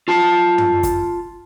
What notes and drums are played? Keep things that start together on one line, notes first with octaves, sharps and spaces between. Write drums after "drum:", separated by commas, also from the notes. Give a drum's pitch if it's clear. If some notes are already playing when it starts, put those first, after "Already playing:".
F4 A5
drum: tom
drum: kick, hi-hat